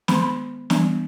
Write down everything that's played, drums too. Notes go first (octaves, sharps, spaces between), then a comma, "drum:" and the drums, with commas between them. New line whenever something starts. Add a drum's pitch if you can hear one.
D#3 G#3 B3 B5, drum: snare
C6
B5
E3 G3 B3 D4, drum: snare